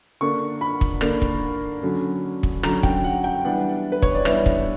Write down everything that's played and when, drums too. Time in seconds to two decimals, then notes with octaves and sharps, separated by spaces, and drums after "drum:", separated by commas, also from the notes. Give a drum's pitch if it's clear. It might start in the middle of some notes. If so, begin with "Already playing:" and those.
0.21 D3 A#3 D4 C#6
0.61 B5
0.81 drum: kick
1.01 D3 A#3 D4, drum: rim click
1.22 drum: kick
1.83 D3 F#3 C#4
2.43 drum: kick
2.63 D3 F#3 C#4 A#5, drum: rim click
2.83 G5, drum: kick
3.04 F#5
3.24 G5
3.45 E3 G3 B3 D4 F#5
3.92 B4
4.02 C#5, drum: kick
4.15 D5
4.25 E3 G3 B3 D4 E5, drum: rim click
4.46 drum: kick